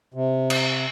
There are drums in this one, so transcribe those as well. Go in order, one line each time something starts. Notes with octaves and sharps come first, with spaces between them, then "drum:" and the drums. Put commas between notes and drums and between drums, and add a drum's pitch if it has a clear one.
C3
drum: cymbal